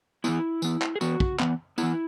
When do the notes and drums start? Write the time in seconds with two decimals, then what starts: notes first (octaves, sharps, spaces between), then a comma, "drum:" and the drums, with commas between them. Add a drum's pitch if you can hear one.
0.24 E3 B3 E4, drum: tambourine
0.62 E3 B3, drum: tambourine
0.82 drum: clap
0.96 G#4
1.01 E3 B3 F#4, drum: tambourine
1.20 drum: kick
1.40 E3 B3, drum: clap
1.78 E3 B3 E4, drum: tambourine